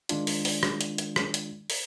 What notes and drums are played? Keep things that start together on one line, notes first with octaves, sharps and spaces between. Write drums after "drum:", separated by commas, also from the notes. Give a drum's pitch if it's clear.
D#3 G#3 D4 F4, drum: hi-hat
drum: open hi-hat
drum: open hi-hat
drum: rim click
drum: hi-hat
drum: hi-hat
drum: rim click
drum: hi-hat
drum: open hi-hat